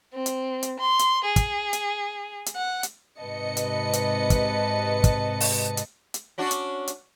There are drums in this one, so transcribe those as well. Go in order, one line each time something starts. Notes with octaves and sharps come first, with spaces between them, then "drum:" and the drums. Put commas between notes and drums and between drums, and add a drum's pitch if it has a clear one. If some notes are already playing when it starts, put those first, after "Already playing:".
C4
drum: hi-hat
drum: hi-hat
C6
drum: hi-hat
G#4
drum: kick, hi-hat
drum: hi-hat
drum: hi-hat
F#5
drum: hi-hat
G#2 C3 B4 D#5 A5 C#7
drum: hi-hat
drum: hi-hat
drum: kick, hi-hat
drum: kick, hi-hat
drum: open hi-hat
drum: hi-hat
drum: hi-hat
C#4 D4 F#4
drum: hi-hat
drum: hi-hat